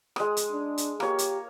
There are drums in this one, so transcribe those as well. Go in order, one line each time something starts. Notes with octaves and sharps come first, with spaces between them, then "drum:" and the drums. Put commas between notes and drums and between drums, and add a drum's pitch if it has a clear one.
G#3 D#6, drum: rim click
drum: hi-hat
D4
drum: hi-hat
A#3 G4 C#5, drum: rim click
drum: hi-hat